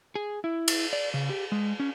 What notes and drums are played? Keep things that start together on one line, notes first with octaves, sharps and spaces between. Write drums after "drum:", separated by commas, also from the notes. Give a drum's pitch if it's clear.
G#4
E4
drum: cymbal
D5
C#3
G4
G#3
C#4